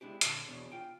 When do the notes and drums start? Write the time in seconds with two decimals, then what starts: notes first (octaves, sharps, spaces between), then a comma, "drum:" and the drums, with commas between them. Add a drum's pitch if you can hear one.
0.01 G#3 D4 E4 G4
0.21 A#2 D3, drum: hi-hat
0.48 E2 B2 D4 C#5
0.72 F4 G5